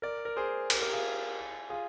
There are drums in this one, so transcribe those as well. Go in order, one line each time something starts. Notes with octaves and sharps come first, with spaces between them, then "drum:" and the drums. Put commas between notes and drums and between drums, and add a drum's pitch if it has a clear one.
A#4 D5
A#4
G#4 C5
G4 A#4, drum: cymbal
G4 A#4
F4 G#4
F4 G#4